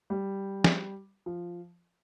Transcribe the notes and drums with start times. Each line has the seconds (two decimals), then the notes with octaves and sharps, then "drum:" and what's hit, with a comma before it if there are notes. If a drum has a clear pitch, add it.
0.10 G3
0.64 drum: snare
1.26 F3